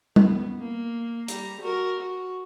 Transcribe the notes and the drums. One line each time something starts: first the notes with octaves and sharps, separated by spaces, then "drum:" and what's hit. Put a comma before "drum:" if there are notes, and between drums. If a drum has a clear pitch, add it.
B3, drum: tom G3
A#3
G3 A#5, drum: hi-hat
F#4 A#4
F#4